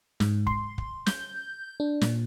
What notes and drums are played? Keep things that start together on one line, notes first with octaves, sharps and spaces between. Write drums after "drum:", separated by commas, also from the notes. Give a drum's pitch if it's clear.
G#2, drum: snare
C6, drum: kick
drum: kick
G6, drum: snare
D4
A#2, drum: snare